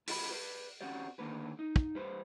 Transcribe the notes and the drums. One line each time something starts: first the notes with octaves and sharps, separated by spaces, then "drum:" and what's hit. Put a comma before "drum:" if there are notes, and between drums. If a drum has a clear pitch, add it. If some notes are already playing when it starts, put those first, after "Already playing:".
F4 G4 A4 D#5 A5 B5, drum: open hi-hat
B4 D5
C4 C#4 F#4 G4 D5
D3 D#3 A#3 B4
D#4
drum: kick
G3 B4 C5